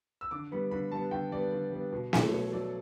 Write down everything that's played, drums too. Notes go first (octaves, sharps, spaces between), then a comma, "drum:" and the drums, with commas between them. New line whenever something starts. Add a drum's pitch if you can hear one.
E6
D3 D6
G3 B3 B5
D3 B5
G3 B3 A5
D3 G5
G3 B3 D5
D3
G3 B3
B2
F#3 A3, drum: snare
B2 C#5
F#3 A3 D5